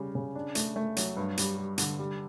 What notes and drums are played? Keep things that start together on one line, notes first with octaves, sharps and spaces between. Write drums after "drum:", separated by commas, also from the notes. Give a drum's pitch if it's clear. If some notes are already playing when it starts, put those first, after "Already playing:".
Already playing: C#3 G3
C#3
D4
A3, drum: hi-hat
A3
F#3, drum: hi-hat
G2
G3, drum: hi-hat
G3
D3, drum: hi-hat
G3